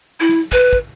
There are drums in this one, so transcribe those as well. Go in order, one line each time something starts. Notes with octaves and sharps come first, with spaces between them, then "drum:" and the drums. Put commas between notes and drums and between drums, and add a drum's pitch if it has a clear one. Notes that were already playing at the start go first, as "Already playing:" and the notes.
E4
drum: snare
B4, drum: kick
drum: kick